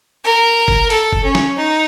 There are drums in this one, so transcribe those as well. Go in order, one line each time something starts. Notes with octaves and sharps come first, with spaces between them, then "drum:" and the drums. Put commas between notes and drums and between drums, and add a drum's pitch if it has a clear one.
A#4
drum: kick F#1
A4, drum: hi-hat
drum: kick F#1
C#4
drum: snare
D#4